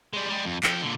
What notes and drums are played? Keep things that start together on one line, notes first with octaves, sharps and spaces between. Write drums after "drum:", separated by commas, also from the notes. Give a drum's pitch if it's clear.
G3 G#3
G3 G#3
F2
F3 G5, drum: clap
A#2 D3